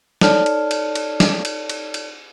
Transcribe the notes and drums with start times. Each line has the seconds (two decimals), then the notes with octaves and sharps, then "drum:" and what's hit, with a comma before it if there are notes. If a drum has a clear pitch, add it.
0.21 D#4 A4 C#5 D5 A5 F6, drum: snare
0.46 drum: cymbal
0.71 drum: cymbal
0.95 drum: cymbal
1.20 drum: snare
1.45 drum: cymbal
1.69 drum: cymbal
1.94 drum: cymbal